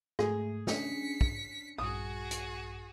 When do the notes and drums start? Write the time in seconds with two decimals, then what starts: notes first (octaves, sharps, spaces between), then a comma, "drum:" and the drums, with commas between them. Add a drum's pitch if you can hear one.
0.19 G#2 A3 G#4, drum: rim click
0.67 C#4 D4 B6 C#7, drum: snare
1.21 drum: kick
1.78 A#1 G2 F#4 G#4 D#6
2.31 drum: hi-hat